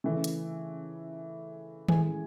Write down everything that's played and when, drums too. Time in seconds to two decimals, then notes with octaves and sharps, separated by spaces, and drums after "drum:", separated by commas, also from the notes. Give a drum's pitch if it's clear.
0.04 C#3 E3 A3
0.24 drum: hi-hat
1.89 A2 E3 G#3 G#5, drum: tom D#3